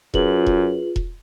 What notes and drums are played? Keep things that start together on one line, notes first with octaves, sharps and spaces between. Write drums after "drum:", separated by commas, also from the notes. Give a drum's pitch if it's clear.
F#2 F4 G#4 B4 F#7, drum: kick E1
drum: kick E1
drum: kick E1